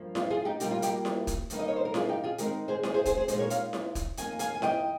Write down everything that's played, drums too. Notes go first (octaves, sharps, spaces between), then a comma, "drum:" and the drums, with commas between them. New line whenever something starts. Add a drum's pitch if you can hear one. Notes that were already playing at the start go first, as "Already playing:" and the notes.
Already playing: G2 F3 A#3
F4, drum: snare E4
F4 G#4
D#4 G4
A#2 G3 A#3 D#4 G4, drum: hi-hat
F4
D#4 G4, drum: hi-hat
drum: snare E4
drum: kick, hi-hat
G2 D#3 A#3 D#4, drum: hi-hat
D#5
C#5
C5
A#4
F4 G#4, drum: snare E4
D#4 G4
F4 G#4
D#3 G#3 C4 D#4 G4 A#4, drum: hi-hat
G#4 C5
G#4 C5, drum: snare E4
G#4 C5
G#4 C5, drum: kick, hi-hat
G#4 C5
A#2 G#3 D#4 G#4 C5, drum: hi-hat
A#4 C#5
C#5 F5, drum: hi-hat
drum: snare E4
drum: kick, hi-hat
F2 D#3 A#3 G#5, drum: hi-hat
F5 G#5, drum: hi-hat
G#5
D#5 G5, drum: snare E4